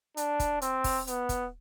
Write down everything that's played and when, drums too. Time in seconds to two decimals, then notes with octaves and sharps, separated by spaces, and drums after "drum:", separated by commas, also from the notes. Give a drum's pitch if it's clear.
0.17 D4, drum: hi-hat
0.40 drum: kick, hi-hat
0.62 C4, drum: hi-hat
0.84 drum: kick, open hi-hat
1.07 B3, drum: hi-hat
1.29 drum: kick, hi-hat